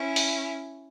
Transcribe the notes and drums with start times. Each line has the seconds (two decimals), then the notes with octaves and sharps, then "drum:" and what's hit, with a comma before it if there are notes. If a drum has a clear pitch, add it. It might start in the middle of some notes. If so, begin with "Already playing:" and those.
Already playing: C#4 E4
0.16 drum: open hi-hat